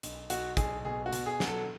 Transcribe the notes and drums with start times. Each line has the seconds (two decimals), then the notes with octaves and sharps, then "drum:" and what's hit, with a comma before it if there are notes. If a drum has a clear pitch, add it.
0.03 B1, drum: hi-hat
0.30 B1 F#4, drum: hi-hat
0.57 B1 G#4, drum: kick, hi-hat
0.85 B2 G#4
1.06 F#4
1.13 B2, drum: hi-hat
1.26 G#4
1.40 F#3, drum: snare
1.47 A4